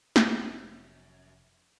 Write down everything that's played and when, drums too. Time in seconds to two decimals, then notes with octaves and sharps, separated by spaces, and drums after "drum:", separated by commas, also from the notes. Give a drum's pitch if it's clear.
0.16 F1 F#2, drum: snare